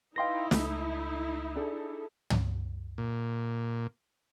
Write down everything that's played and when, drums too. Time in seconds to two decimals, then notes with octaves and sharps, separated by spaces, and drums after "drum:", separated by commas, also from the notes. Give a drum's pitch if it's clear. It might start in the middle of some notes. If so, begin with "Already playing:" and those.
0.16 D#4 E4 B4 D#5 F5 G5 C6 A#6
0.51 C#2 A3, drum: snare
1.56 D4 G#4 A4
2.30 drum: tom
2.98 A#2